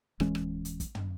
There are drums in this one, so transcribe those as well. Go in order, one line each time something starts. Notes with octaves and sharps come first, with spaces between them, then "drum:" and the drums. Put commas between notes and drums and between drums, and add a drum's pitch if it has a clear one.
D1 E3 G#3 C#4, drum: rim click
drum: rim click
drum: hi-hat
drum: kick, hi-hat
drum: tom